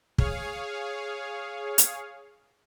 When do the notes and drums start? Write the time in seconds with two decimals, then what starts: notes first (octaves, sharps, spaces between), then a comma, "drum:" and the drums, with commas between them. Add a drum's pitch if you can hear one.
0.18 G#4 C#5 F5, drum: kick
1.78 drum: hi-hat